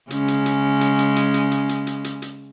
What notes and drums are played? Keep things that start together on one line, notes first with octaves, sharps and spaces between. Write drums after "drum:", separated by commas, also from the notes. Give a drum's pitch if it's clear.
C#3 G#3 C#4, drum: hi-hat
drum: hi-hat
drum: hi-hat
drum: hi-hat
drum: hi-hat
drum: hi-hat
drum: hi-hat
drum: hi-hat
drum: hi-hat
drum: hi-hat
drum: hi-hat
drum: hi-hat